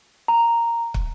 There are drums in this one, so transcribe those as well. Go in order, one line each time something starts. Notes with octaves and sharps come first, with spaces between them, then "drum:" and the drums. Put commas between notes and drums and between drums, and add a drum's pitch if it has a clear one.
A#5
drum: kick